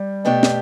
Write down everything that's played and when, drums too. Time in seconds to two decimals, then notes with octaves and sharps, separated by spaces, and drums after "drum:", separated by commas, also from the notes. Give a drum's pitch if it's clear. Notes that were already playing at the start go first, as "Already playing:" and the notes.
Already playing: G3
0.25 B2 A3 D4 G4
0.43 drum: snare